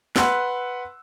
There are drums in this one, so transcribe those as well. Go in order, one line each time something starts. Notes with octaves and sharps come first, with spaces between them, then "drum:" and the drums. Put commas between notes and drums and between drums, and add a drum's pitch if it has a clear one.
B4 F#5 C6 E6, drum: snare